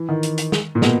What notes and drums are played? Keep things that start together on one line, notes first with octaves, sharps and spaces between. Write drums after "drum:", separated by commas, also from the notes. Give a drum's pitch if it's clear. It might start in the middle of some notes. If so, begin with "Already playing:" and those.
Already playing: E3
D#3
drum: hi-hat
drum: hi-hat
drum: snare
A#2
B2, drum: snare